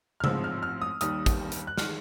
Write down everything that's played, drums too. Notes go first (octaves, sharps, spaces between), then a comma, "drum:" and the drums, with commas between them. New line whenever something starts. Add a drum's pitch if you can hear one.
F6
A1 G#2 F3 G#3 C4 E6, drum: tom C#3
F6
F6
D#6
D#2 D#3 G3 D#6, drum: hi-hat
drum: kick, hi-hat
drum: hi-hat
F#6
D#3 G#3 F6, drum: snare